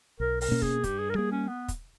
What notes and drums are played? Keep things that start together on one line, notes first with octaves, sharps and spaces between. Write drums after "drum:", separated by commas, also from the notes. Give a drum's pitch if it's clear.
B1 A#4
A#4, drum: open hi-hat
B2 A#3 C#4
G#4, drum: kick
G2 G4, drum: kick, hi-hat
G#4
A#4
G3 A#3 G#4
C#4
B3
drum: kick, hi-hat